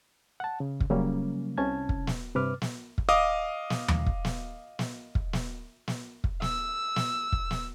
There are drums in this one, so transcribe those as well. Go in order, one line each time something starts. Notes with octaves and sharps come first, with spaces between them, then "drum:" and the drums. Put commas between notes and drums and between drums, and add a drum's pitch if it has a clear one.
F#5 A5
C#3
drum: kick
C#3 F#3 G3 A#3 C#4
C2 C3 C#4 A5 G#6
drum: kick
drum: snare
G2 C3 B4 D6 F6
drum: snare
drum: kick
D#5 F5 D6 D#6
drum: snare
drum: tom D#2
drum: kick
drum: snare
drum: snare
drum: kick
drum: snare
drum: snare
drum: kick
E6, drum: snare
drum: snare
drum: kick
drum: snare